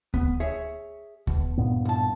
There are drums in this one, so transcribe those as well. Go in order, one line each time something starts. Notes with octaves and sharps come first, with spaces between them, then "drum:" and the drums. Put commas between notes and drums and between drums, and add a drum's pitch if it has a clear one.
B3, drum: kick D2
G#4 C#5 E5
B2, drum: kick D2
G2 A#2 B3
C2 A5